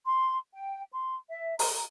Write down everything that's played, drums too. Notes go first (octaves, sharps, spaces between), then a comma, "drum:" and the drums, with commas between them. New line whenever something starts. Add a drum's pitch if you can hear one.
C6
G5
C6
E5
A#5, drum: open hi-hat